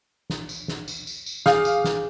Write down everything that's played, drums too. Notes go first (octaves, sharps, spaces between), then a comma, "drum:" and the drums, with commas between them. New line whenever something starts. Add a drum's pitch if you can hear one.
drum: snare
drum: tambourine
drum: snare
drum: tambourine
drum: tambourine
drum: tambourine
G#4 F5 D6 G6, drum: snare
drum: tambourine
drum: snare